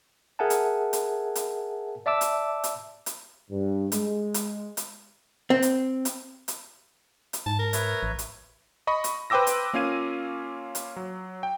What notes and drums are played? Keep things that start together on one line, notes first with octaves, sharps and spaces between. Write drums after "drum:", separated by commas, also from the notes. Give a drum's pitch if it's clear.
G#4 A#4 E5 F#5 G#5 A5
drum: hi-hat
drum: hi-hat
drum: hi-hat
D5 E5 A5 D6 E6
drum: hi-hat
drum: hi-hat
drum: hi-hat
G2
G#3, drum: hi-hat
drum: hi-hat
drum: hi-hat
C4
drum: hi-hat
drum: hi-hat
drum: hi-hat
drum: hi-hat
G#2 A5
A#4
B4 C#5 E5, drum: hi-hat
A1
drum: hi-hat
D#5 B5 C#6
drum: hi-hat
B4 C5 G5 D6 E6 A#6
drum: hi-hat
A#3 C#4 F4 F5 G#6 D#7
drum: hi-hat
F#3
G5